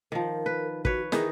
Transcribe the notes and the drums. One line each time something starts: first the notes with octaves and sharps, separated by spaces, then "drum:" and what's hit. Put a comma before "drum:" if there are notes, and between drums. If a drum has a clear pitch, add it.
D#3 F3 A#4
B4
F#4 B4 C#5, drum: kick
D#3 E3 D#4 G#4, drum: snare